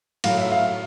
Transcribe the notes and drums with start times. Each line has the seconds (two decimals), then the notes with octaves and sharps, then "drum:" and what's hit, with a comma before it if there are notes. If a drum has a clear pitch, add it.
0.24 A2 F#3 F5, drum: cymbal
0.38 E5
0.52 F5